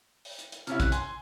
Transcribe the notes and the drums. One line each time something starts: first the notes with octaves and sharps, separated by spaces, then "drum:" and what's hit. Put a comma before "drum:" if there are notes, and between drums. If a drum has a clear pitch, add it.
drum: open hi-hat
drum: hi-hat
drum: hi-hat
C3 C#4 E4 F6, drum: hi-hat
F#6, drum: kick A1, hi-hat
G#5 C6, drum: hi-hat